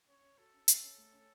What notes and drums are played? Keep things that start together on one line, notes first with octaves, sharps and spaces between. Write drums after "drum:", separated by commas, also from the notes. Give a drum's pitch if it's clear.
C#4 C#5
C#4
F#4 A4
C#4
C#4, drum: hi-hat
C#4
A3
C#4